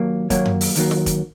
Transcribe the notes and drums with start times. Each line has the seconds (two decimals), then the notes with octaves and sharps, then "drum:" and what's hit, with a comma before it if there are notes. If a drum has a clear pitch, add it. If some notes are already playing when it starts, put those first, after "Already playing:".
Already playing: D#2 F#3 A#3
0.30 D#2 D#3 F#3 A#3 C#5, drum: kick, hi-hat
0.46 drum: tom F#2
0.61 drum: open hi-hat
0.75 D#2 D#3 F#3 A#3, drum: hi-hat
0.91 drum: snare
1.06 drum: kick, hi-hat